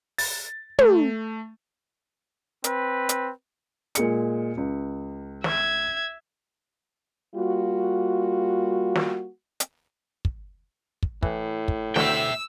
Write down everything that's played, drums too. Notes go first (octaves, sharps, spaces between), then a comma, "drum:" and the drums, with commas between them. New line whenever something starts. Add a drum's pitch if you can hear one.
A6, drum: open hi-hat
A3, drum: tom
C4 B4, drum: hi-hat
drum: hi-hat
A#2 G#3 C#7, drum: hi-hat
C#2
E5 G#6, drum: snare
G3 A#3 F4 F#4
drum: snare
drum: hi-hat
drum: kick
drum: kick
A2 E3, drum: kick
drum: kick
D2 E5 F#5 G5 E6, drum: snare